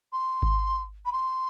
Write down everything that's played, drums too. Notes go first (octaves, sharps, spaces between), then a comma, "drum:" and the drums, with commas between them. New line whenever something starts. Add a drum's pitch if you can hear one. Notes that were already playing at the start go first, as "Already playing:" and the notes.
C6
drum: kick G#1
B5
C6